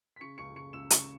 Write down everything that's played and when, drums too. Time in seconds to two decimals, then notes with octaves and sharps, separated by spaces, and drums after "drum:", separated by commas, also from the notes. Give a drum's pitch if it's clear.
0.16 B6
0.20 C#3 C#6 C#7
0.38 C#2 C#6 C#7
0.55 C#2 C#6 C#7
0.73 C#2 E6 E7
0.90 C#2 C#6 C#7, drum: hi-hat